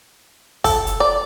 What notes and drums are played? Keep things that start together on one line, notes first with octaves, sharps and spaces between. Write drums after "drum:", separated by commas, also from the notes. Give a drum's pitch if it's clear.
A4, drum: kick, open hi-hat
drum: hi-hat
D5